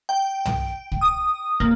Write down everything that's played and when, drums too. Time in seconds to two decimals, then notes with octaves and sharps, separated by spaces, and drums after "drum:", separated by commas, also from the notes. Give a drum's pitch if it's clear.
0.09 G5
0.45 drum: tom
0.92 drum: kick
1.01 D#6
1.60 A#3, drum: kick